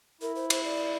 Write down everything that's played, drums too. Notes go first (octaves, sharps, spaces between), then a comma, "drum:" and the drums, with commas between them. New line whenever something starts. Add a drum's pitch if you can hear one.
E4 A#4
C5
C5, drum: cymbal
D5